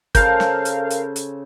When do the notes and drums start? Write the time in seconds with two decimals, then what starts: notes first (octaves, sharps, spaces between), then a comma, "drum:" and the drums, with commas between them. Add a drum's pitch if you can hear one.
0.15 C#3 A4 A#4 C5 F5 G6, drum: kick, hi-hat
0.40 drum: snare
0.65 drum: hi-hat
0.90 drum: hi-hat
1.16 drum: hi-hat